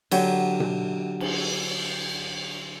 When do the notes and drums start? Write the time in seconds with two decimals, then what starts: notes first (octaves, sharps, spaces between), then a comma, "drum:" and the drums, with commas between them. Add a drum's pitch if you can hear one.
0.11 D3 F#3 G4, drum: cymbal
0.60 drum: tom B2
1.20 drum: cymbal